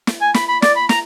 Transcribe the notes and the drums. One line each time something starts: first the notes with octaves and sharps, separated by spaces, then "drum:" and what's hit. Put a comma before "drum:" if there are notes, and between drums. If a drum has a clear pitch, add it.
drum: snare
G#5
B5, drum: snare
B5
D5, drum: snare
B5
A#5, drum: snare